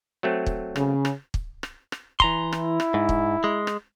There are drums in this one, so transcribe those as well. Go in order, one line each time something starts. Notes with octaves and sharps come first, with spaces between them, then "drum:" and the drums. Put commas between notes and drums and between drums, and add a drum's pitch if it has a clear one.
F#3 A3 C4
drum: kick
C#3, drum: rim click
drum: rim click
drum: kick
drum: rim click
drum: rim click
E3 A#5 C6, drum: kick
E4, drum: rim click
drum: rim click
G#2
drum: kick
G#3
drum: rim click